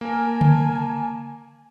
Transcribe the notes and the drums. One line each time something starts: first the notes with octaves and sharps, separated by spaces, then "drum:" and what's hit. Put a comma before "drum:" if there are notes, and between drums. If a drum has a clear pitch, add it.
A#3 A#4 G#5 A5
drum: tom C#3